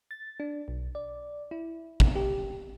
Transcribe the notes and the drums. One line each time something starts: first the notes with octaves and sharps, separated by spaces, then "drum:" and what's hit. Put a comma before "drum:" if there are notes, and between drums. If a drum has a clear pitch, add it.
A6
D4
B1
D5
E4
drum: kick
G4